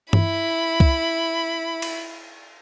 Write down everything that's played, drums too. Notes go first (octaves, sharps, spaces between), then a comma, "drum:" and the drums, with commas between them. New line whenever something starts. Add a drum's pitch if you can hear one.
E4 B5, drum: tom G2
drum: kick C2
drum: cymbal